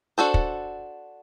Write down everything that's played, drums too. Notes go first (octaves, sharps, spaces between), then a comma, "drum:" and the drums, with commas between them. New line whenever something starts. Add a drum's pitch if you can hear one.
D4 F#4 A4 C5
drum: kick